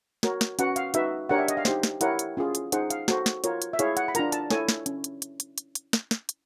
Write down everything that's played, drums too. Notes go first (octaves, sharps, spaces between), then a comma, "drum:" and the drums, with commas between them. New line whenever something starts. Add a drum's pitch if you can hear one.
F#4 A#4 C#5, drum: snare
drum: snare
C#4 F#4 B4 F#5, drum: hi-hat
F5, drum: hi-hat
D#4 F#4 B4 E5, drum: hi-hat
D4 G4 A#4 C#5 F#5
E5
D#5, drum: hi-hat
F5
D#4 G4 C5, drum: snare
drum: snare
E4 G4 A#4 C#5 F#5, drum: hi-hat
drum: hi-hat
C#4 F4 G#4
drum: hi-hat
D#4 G#4 C5 F#5, drum: hi-hat
F5, drum: hi-hat
F#4 A4 C5, drum: snare
drum: snare
F4 A#4 C#5, drum: hi-hat
drum: hi-hat
E5
E4 G#4 C#5 F5, drum: hi-hat
F#5, drum: hi-hat
B5
D4 F4 A#4 A#5, drum: hi-hat
A5, drum: hi-hat
E4 A4 C#5 G#5, drum: snare
drum: snare
C#4, drum: hi-hat
drum: hi-hat
drum: hi-hat
drum: hi-hat
drum: hi-hat
drum: hi-hat
drum: snare
drum: snare
drum: hi-hat